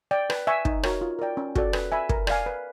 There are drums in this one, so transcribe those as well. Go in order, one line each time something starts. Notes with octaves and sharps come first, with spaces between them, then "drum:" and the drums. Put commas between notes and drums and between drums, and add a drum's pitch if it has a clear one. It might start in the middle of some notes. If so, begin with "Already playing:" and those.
D5 G5
B4, drum: rim click
E5 G#5 C#6
D#4, drum: kick
F#4 A#4 C#5, drum: rim click
F4
A#4 D5 G5
C#4
F#4 A4 D5, drum: kick
B4, drum: rim click
E5 G#5 B5
A#4, drum: kick
D5 F5 G#5, drum: rim click
B4